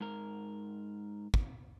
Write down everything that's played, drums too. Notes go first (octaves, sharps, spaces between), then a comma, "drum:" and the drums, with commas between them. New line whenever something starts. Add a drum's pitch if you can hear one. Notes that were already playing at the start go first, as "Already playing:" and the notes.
G#2 A#4
drum: kick